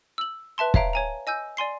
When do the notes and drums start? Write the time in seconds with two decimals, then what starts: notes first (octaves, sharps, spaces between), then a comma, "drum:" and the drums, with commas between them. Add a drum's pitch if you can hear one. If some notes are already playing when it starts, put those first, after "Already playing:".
0.18 E6 F#7
0.58 B4 E5 A5 C6
0.74 C#5 E5 F5 A#5 D7, drum: kick
0.93 C#5 G#5 A#5
1.27 D#5 G#5 E6 G6
1.57 D5 G#5 C6 C7